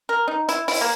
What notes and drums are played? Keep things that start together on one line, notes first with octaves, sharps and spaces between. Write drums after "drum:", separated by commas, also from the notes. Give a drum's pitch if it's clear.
A#4
D#4
E4, drum: hi-hat
E4, drum: open hi-hat
A#3